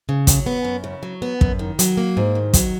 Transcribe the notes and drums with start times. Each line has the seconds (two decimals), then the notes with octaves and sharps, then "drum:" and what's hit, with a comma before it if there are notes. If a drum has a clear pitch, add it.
0.09 C#3
0.27 F#3, drum: kick, hi-hat
0.46 B3
0.64 F#2
0.84 C#3
1.03 F#3
1.22 B3
1.41 F#2, drum: kick
1.59 D#3
1.79 F#3, drum: hi-hat
1.97 A#3
2.17 G#2
2.35 D#3
2.54 F#3, drum: kick, hi-hat